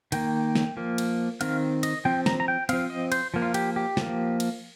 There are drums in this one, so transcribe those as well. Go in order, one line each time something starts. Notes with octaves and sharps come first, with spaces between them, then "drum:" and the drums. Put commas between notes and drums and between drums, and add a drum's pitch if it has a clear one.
D#3 A#3 G5, drum: cymbal
drum: snare
F3 A#3
drum: cymbal
D#3 C4 F5, drum: cymbal
D#5, drum: cymbal
F3 C4 G5
A#5, drum: snare
A#5
G5
F3 C4 F5, drum: cymbal
D#5
C5, drum: cymbal
F3 A#3
F4
G4, drum: cymbal
G4
F3 A#3, drum: snare
drum: cymbal